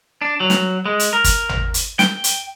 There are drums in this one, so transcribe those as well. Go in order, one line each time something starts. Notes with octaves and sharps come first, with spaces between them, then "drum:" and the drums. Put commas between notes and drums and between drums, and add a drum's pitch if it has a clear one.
D4
F#3
drum: snare
G#3
drum: hi-hat
A#4
drum: kick, hi-hat
drum: tom
drum: hi-hat
G5, drum: snare
drum: hi-hat